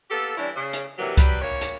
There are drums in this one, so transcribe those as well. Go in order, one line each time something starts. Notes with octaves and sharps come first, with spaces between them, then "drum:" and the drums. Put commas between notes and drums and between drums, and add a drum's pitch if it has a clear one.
A#3 B3 G4 A4
E3 G3 C#4 D4 E4
C#3
drum: hi-hat
C3 E3 F#3 G3 A#3
F#3 G3 B4, drum: kick C2, hi-hat
D2 A#3 C#5
drum: hi-hat